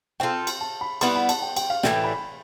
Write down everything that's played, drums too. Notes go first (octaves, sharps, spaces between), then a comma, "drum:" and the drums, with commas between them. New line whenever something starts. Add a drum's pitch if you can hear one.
A3 C4 F4 A4 G5
drum: cymbal
A5
B5
G3 B3 E4 B4 C6, drum: cymbal
B5
A5, drum: cymbal
G5
G5, drum: cymbal
F5
A2 E3 G3 G5, drum: snare
B5